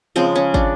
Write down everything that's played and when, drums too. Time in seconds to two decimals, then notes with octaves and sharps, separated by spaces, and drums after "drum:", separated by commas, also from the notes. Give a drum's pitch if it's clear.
0.16 C#3 F3 G#3 C4
0.35 C#4
0.54 D4, drum: kick